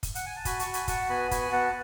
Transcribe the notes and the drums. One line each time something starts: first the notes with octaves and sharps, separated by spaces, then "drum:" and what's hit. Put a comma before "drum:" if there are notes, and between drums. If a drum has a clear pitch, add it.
drum: kick, hi-hat
F#5, drum: hi-hat
G#5
A5
F#4 G#5 B5, drum: kick, hi-hat
A5 C#6, drum: hi-hat
F#4
G#5 B5, drum: hi-hat
F#4 F#5 A5, drum: kick, hi-hat
B3 G#5 B5
F#4 G#5 B5, drum: kick, hi-hat
B3 F#5 A5